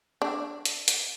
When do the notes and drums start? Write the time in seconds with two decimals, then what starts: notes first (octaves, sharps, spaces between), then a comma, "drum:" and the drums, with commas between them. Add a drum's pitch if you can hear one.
0.22 D4
0.66 drum: hi-hat
0.88 drum: hi-hat